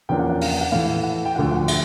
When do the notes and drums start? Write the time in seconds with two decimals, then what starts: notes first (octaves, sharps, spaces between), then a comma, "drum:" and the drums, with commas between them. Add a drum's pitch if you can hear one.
0.09 E2 C#3 F3 A#3 D4 G5
0.19 F#5
0.30 F#5
0.41 F5, drum: open hi-hat
0.51 F#5
0.61 F#5
0.72 A2 E3 A3 F5
1.03 F#5
1.25 G5
1.36 D2 D3 F3 F#5
1.51 F#5
1.68 E5, drum: cymbal